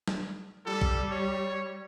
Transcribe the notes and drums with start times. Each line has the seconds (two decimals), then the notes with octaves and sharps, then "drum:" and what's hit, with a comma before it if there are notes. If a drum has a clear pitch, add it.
0.08 drum: snare G3
0.66 G3 A4
0.81 drum: kick A#1
1.11 C#5